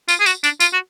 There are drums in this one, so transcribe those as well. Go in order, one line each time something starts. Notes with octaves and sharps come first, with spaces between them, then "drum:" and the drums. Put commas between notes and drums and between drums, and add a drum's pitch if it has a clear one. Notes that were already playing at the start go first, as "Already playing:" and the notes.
F4, drum: tambourine
G#4
F#4, drum: tambourine
D4, drum: tambourine
F4, drum: tambourine
F#4